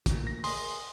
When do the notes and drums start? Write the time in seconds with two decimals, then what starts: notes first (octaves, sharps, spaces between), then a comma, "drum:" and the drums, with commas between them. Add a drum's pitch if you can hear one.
0.06 D2 A#2, drum: kick, hi-hat
0.27 A#6
0.44 G#4 C6, drum: open hi-hat